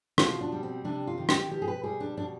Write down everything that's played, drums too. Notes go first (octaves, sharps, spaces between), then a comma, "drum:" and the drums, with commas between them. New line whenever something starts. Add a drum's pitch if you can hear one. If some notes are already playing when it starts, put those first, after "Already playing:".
B2 F4, drum: rim click
D4
G3
C4
C3 D4
F4
D#3
G4, drum: rim click
B2 G4
G#4
B4
G3 G#4
D4
B2 D4